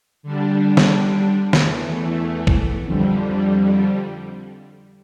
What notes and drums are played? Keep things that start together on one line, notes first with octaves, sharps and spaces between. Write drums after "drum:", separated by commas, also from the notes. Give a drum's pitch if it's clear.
D3 G3 D4
drum: snare
E2 E3 A3, drum: snare
drum: kick
F2 D3 G3